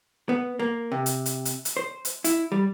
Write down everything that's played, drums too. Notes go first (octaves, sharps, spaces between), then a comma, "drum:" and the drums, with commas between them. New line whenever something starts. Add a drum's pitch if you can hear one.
B3
A#3
C3
drum: hi-hat
drum: hi-hat
drum: hi-hat
drum: hi-hat
C5
drum: hi-hat
E4, drum: hi-hat
G3